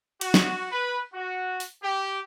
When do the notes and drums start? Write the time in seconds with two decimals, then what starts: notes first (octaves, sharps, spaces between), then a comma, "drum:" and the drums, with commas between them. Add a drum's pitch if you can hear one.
0.21 F#4, drum: cymbal
0.34 drum: snare
0.72 B4
1.14 F#4
1.60 drum: open hi-hat
1.83 G4